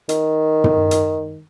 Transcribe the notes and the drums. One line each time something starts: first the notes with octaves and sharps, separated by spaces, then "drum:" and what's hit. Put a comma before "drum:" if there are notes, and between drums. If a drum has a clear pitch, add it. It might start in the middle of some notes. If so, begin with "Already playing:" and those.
D#3, drum: hi-hat
drum: tom
drum: hi-hat